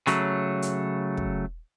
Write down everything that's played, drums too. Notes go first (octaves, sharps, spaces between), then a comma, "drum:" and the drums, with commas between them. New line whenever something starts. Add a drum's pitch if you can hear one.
C#3 F#3 A3, drum: hi-hat
drum: hi-hat
drum: kick